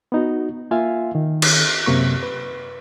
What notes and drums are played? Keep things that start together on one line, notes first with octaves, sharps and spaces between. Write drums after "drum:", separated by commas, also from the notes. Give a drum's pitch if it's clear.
B3 D#4 F#4
A#3 F4 E5 F5 G#5
D#3
drum: cymbal
F#2 C3 A#3 C#6
B4